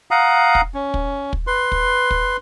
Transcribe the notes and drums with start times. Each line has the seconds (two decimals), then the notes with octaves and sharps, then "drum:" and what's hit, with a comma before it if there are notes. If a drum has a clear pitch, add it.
0.11 F5 F#5 A#5 D#6
0.55 drum: kick
0.74 C#4
0.94 drum: kick
1.33 drum: kick
1.47 B4 C6
1.72 drum: kick
2.11 drum: kick